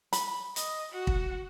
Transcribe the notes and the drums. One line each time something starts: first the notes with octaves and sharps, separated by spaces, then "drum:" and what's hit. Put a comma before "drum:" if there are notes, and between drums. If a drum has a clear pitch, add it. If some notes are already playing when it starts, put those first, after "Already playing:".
B5, drum: hi-hat
D#5, drum: hi-hat
F#4
drum: kick